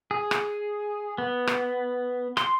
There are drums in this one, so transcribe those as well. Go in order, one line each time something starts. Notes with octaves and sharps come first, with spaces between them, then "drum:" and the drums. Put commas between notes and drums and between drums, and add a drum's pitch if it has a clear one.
G#4
drum: rim click
B3
drum: rim click
C6, drum: rim click